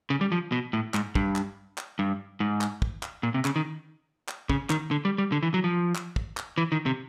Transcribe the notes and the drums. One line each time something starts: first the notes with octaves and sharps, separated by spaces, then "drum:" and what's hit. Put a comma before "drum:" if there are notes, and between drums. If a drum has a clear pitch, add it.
C#3
G3
F3
B2
A2
G#2, drum: clap
G2, drum: kick
drum: clap
drum: clap
G2
G#2
drum: clap
drum: kick
drum: clap
A#2
C3
C#3, drum: clap
D#3
drum: clap
C#3, drum: kick
D#3, drum: clap
D3
G3
G3
D3
E3
F#3
F3
drum: clap
drum: kick
drum: clap
E3
D#3
C3